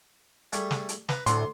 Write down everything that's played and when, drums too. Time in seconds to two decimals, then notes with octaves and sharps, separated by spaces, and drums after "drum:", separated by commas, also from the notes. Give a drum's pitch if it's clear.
0.52 G3 A3 G#4, drum: hi-hat
0.71 drum: snare
0.89 drum: hi-hat
1.09 B4 A#5, drum: snare
1.26 D2 A2 D3 C6, drum: hi-hat